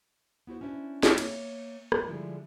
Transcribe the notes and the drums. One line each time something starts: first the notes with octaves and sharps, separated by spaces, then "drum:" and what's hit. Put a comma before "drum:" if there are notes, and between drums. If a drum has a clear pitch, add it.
B3 E4 F#4 C5
C#4 D4 E4 C5
A3 B3 A4 A#4, drum: snare
A#3 C#5 E5, drum: cymbal
G2, drum: rim click
D3 F3 G3 G#3 E4